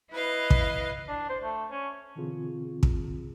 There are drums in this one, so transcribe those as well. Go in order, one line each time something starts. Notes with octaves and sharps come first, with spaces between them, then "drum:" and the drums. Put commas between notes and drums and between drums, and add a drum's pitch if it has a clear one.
E4 B4 D#5 F5
drum: kick
D4
C5
A3
C#4
B2 D3 E3 C4 F4 G#4
drum: kick